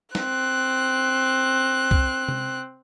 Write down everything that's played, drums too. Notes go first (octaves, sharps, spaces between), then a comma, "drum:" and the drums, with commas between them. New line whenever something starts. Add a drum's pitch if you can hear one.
C4 F#6, drum: snare
drum: kick
drum: tom C3